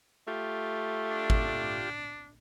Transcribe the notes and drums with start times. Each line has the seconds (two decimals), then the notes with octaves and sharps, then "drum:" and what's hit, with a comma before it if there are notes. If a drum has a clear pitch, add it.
0.27 A3 F4 G4
1.11 D4
1.30 drum: kick G#1